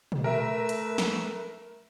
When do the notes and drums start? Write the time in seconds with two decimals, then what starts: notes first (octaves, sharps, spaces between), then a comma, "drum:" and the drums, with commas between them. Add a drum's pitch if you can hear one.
0.12 drum: tom
0.24 A3 A#4 B4 E5 E6 D7
0.69 drum: hi-hat
0.98 drum: snare